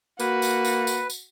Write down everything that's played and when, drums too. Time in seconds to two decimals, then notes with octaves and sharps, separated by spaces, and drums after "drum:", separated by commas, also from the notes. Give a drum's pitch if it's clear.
0.20 A#3 F#4 B4, drum: tambourine
0.42 drum: tambourine
0.65 drum: tambourine
0.87 drum: tambourine
1.10 drum: tambourine